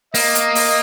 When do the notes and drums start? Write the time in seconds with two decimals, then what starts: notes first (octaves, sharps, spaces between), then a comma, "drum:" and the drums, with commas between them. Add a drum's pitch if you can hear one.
0.14 A#3 D#5, drum: open hi-hat
0.35 drum: hi-hat
0.55 drum: open hi-hat